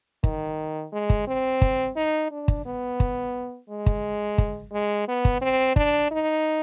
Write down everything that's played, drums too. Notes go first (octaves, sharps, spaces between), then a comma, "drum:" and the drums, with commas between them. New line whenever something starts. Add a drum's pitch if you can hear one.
D#3, drum: kick
G#3
drum: kick
C4
drum: kick
D#4
D4
drum: kick
B3
drum: kick
G#3
drum: kick
drum: kick
G#3
B3
drum: kick
C4
D4, drum: kick
D#4